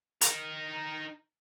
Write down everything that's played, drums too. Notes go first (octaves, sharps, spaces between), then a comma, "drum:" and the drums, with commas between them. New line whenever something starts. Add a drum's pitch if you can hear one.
D#4 A#4, drum: hi-hat